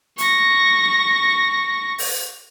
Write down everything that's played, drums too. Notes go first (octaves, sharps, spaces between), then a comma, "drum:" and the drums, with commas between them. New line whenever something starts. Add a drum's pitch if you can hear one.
C#6 A#6, drum: hi-hat
drum: open hi-hat